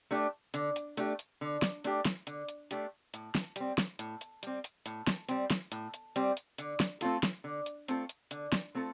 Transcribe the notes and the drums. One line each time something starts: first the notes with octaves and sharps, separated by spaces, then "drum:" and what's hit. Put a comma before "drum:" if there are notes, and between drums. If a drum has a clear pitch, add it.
A3 D4 G4
D3, drum: hi-hat
drum: hi-hat
A3 D4 G4, drum: hi-hat
drum: hi-hat
D3
drum: snare
A3 D4 G4, drum: hi-hat
drum: snare
D3, drum: hi-hat
drum: hi-hat
A3 D4 G4, drum: hi-hat
A2, drum: hi-hat
drum: snare
G3 C4, drum: hi-hat
drum: snare
A2, drum: hi-hat
drum: hi-hat
G3 C4, drum: hi-hat
drum: hi-hat
A2, drum: hi-hat
drum: snare
G3 C4, drum: hi-hat
drum: snare
A2, drum: hi-hat
drum: hi-hat
G3 C4, drum: hi-hat
drum: hi-hat
D3, drum: hi-hat
drum: snare
A3 C4 F4 A4, drum: hi-hat
drum: snare
D3
drum: hi-hat
A3 C4 F4 A4, drum: hi-hat
drum: hi-hat
D3, drum: hi-hat
drum: snare
A3 C4 F4 A4